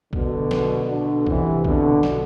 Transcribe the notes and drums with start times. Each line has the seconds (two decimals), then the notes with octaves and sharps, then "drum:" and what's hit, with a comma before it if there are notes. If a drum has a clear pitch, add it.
0.13 B2 D3, drum: kick A#1
0.51 drum: snare
0.88 B2 D3
1.26 C3 E3, drum: kick A#1
1.65 B2 D3, drum: kick A#1
2.03 drum: snare